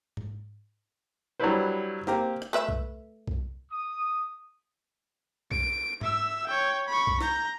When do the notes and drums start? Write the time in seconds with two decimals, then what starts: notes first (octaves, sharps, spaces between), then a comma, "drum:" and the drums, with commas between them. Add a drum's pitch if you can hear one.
0.17 drum: tom G#2
1.40 F#3 G3 D4 E4 B4 C5
2.07 A#3 C4 G4 A#5, drum: snare
2.42 drum: rim click
2.53 A3 B4 E5
2.69 drum: kick C2
3.27 drum: kick C2
3.71 D#6
5.51 D7, drum: kick C2
6.01 E5 E6, drum: tom G#2
6.47 C#5 G5
6.88 B5 C#6
7.07 drum: kick C2
7.21 A#5 G6, drum: snare